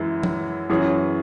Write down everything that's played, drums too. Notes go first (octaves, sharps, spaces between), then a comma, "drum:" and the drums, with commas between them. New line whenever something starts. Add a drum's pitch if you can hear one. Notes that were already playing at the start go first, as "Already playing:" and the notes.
Already playing: F#2 E3 G#3 E4
drum: tom F3
F#2 E3 C#4 G#4